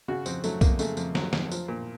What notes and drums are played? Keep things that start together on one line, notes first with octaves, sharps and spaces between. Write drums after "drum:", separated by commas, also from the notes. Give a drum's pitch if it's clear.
C#3 F#4
F2 C4, drum: tambourine
F#3 A3, drum: tambourine
F2 A#3, drum: kick B1, tambourine
C#3 A3, drum: tambourine
F2, drum: tambourine
F#3, drum: snare
F2, drum: snare
F3, drum: tambourine
A#2